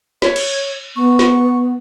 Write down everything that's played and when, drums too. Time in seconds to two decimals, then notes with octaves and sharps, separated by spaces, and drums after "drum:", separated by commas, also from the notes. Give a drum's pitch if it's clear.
0.22 C#5, drum: snare
0.36 drum: cymbal
0.96 B3 C#6
1.19 drum: snare